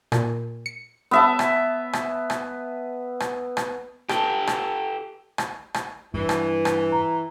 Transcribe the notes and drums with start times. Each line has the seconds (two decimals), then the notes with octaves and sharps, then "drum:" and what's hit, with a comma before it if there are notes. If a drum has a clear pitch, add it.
0.12 A#2, drum: rim click
0.66 C#7
1.11 B3 E5 A5
1.39 drum: rim click
1.93 drum: rim click
2.30 drum: rim click
3.20 drum: rim click
3.57 drum: rim click
4.09 G4 A4, drum: rim click
4.47 drum: rim click
5.38 drum: rim click
5.74 drum: rim click
6.14 G2 E3
6.29 drum: rim click
6.65 drum: rim click
6.92 A#5